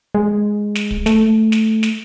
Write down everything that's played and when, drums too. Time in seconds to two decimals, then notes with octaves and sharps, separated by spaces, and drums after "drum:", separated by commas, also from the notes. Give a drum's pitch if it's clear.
0.15 G#3
0.75 drum: snare
0.91 drum: kick
1.06 A3, drum: snare
1.52 drum: snare
1.83 drum: snare